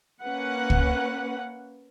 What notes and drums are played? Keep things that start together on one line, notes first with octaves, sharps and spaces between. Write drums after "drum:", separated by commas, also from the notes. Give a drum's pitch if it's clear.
A#3 C#4 B4 F#5
drum: kick